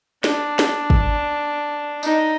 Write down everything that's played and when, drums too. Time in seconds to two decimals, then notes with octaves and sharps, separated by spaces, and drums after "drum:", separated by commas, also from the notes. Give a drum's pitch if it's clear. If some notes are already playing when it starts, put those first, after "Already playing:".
0.24 D4, drum: snare
0.59 drum: snare
0.90 drum: kick
2.03 D#4, drum: tambourine